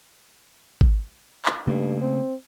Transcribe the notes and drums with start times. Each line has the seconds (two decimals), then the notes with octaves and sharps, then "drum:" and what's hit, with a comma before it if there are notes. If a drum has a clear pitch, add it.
0.81 drum: kick G#1
1.45 drum: clap
1.67 G2 C#3 A3 A#3
2.01 C4